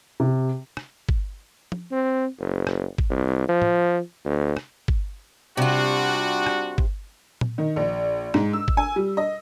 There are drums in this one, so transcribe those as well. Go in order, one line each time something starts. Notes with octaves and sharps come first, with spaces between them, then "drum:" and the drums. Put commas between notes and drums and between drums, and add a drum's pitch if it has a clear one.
C3
drum: rim click
drum: kick G1
drum: tom
C4
F#1
drum: rim click
drum: kick G1
C2
F3
drum: tom
D2
drum: rim click
drum: kick G1
C3 G3 D4 F4 F#4
drum: rim click
drum: kick G1
drum: tom A#2
D#3
A#1
G#2, drum: rim click
E6
drum: kick G1
G#5
G3
D#5